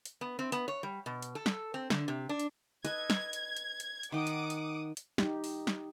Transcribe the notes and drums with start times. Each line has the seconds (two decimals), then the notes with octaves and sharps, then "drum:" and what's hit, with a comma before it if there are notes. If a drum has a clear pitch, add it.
0.05 drum: hi-hat
0.21 B3
0.39 C4
0.52 B3, drum: hi-hat
0.68 C#5
0.83 G3
1.06 B2
1.22 drum: hi-hat
1.35 A4
1.46 drum: snare
1.74 C4
1.90 D3, drum: snare
2.08 C3
2.29 D4
2.39 drum: hi-hat
2.85 A4 B4 D#5 G#6, drum: hi-hat
3.10 drum: snare
3.33 drum: hi-hat
3.57 drum: hi-hat
3.80 drum: hi-hat
4.03 drum: hi-hat
4.12 D#3 F#5 G5 D6 D#6
4.27 drum: hi-hat
4.50 drum: hi-hat
4.97 drum: hi-hat
5.18 D#4 G4, drum: snare
5.44 drum: open hi-hat
5.67 drum: snare